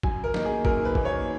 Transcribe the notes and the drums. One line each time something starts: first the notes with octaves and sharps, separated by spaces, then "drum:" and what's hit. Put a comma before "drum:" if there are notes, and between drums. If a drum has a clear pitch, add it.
F#2 G#5, drum: kick
A#4
D#3 A#3 D#4, drum: snare
G#4
F#2 A#4, drum: kick
B4
D#3 A#3 D#4, drum: kick
C#5